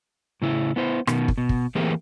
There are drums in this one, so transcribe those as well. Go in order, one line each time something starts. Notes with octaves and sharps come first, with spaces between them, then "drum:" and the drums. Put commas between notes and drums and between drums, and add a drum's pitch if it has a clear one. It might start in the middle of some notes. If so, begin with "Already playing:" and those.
A2 C#3 E4
B3 E4 C5
B2 D#3, drum: rim click
drum: kick
B2
drum: kick
E3 A3 A#3 C4 G4 G#4